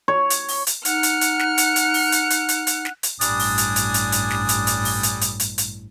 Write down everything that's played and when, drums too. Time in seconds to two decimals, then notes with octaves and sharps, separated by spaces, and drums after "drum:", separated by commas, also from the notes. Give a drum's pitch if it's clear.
0.08 C#5
0.30 drum: hi-hat
0.48 drum: open hi-hat
0.67 drum: hi-hat
0.85 D#4 F#5 F6 F#6 C#7, drum: hi-hat
1.03 drum: hi-hat
1.21 drum: hi-hat
1.39 drum: snare
1.58 drum: hi-hat
1.76 drum: hi-hat
1.94 drum: open hi-hat
2.12 drum: hi-hat
2.30 drum: hi-hat
2.49 drum: hi-hat
2.67 drum: hi-hat
2.85 drum: snare
3.03 drum: hi-hat
3.21 A1 G2 G3 D4 G#5 D#6, drum: hi-hat
3.39 drum: open hi-hat
3.58 drum: hi-hat
3.76 drum: hi-hat
3.94 drum: hi-hat
4.12 drum: hi-hat
4.30 drum: snare
4.49 drum: hi-hat
4.67 drum: hi-hat
4.85 drum: open hi-hat
5.03 drum: hi-hat
5.21 drum: hi-hat
5.40 drum: hi-hat
5.58 drum: hi-hat